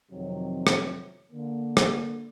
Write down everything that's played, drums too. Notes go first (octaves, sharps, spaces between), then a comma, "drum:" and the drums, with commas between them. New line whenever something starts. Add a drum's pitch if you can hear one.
F2 C3 D#3 F#3
drum: rim click
D3 A#3
drum: rim click